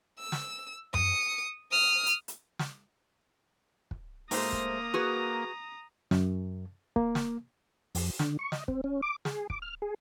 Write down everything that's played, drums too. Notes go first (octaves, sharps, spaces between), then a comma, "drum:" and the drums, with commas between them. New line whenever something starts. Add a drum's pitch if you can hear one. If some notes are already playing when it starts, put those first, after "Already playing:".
E6
drum: snare
D#6 C#7, drum: tom F#2
D#6 F6
drum: hi-hat
drum: hi-hat
drum: snare
drum: kick
G#2 A3 A#3 C5 A#5 D#6, drum: open hi-hat
drum: kick
F#4 G#4 B4
F#2, drum: snare
A#3, drum: kick
drum: snare
F2, drum: open hi-hat
D3, drum: snare
C#6
D#5, drum: snare
C4, drum: kick
C#4
D6
G#4, drum: snare
D6, drum: kick
F6
G#4